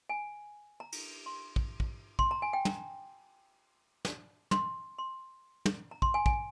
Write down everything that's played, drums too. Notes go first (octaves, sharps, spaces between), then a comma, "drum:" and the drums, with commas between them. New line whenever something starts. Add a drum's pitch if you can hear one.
G#5
A#5
drum: cymbal
C6
drum: kick
drum: kick
C6, drum: kick
A#5
G#5
G5
A#5, drum: tom
drum: snare
C6, drum: tom
C6
drum: tom
A#5
C6, drum: kick
G#5
G#5, drum: kick